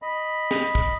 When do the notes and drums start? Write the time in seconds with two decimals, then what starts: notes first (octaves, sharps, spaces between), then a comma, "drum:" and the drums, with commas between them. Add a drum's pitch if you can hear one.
0.02 D#5 B5
0.51 drum: snare
0.75 drum: kick